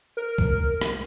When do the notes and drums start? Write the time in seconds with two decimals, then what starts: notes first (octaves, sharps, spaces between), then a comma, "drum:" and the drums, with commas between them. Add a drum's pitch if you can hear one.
0.17 A#4
0.38 drum: kick C2
0.81 drum: rim click